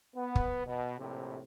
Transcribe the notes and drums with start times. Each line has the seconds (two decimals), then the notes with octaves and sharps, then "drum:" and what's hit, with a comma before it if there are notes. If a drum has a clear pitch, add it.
0.15 B3
0.35 drum: kick
0.67 B2
0.99 A#1 A2 C3